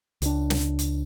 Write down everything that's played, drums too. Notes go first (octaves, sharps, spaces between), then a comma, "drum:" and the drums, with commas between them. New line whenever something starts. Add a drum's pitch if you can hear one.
C#2 D4, drum: hi-hat
drum: snare
drum: hi-hat